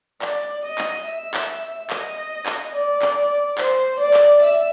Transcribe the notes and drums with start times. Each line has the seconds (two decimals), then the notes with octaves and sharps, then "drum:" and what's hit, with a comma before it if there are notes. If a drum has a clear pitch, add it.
0.22 D5, drum: clap
0.65 D#5
0.78 drum: clap
1.06 E5
1.34 drum: clap
1.90 D#5, drum: clap
2.46 drum: clap
2.74 D5
3.02 drum: clap
3.58 C5, drum: clap
4.00 D5
4.14 drum: clap
4.42 E5